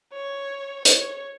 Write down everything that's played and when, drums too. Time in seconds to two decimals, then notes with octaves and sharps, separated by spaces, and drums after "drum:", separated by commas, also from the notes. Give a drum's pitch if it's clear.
0.13 C#5
0.85 C#5, drum: hi-hat